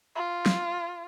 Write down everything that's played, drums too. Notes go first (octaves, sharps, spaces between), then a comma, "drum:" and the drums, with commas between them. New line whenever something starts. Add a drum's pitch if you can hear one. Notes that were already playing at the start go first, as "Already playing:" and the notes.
F4
drum: snare